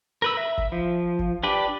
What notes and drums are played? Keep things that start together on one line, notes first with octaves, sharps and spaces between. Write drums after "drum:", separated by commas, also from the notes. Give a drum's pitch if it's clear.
A#4 B4 E6
E5
drum: kick
F3
drum: kick
D4 G4 B4 D5